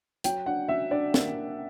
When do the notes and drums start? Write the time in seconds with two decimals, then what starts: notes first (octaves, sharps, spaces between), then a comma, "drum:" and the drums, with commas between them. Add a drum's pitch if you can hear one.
0.24 F#3 G5, drum: hi-hat
0.46 D4 F#5
0.68 F#3 E5
0.91 D4 D5
1.14 A#3, drum: snare
1.36 D4